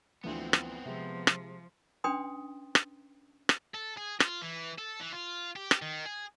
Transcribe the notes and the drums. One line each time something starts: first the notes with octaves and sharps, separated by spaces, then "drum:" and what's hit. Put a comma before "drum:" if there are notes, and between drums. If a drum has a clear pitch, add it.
D2 E3 F3 B3 C4
drum: rim click
C3 F3 G#3
drum: rim click
C#4 D4 B4 G5 C6 D#6
drum: rim click
drum: rim click
A4
G#4
F4, drum: rim click
E3
A4
E3
F4
G4
drum: rim click
D#3
G#4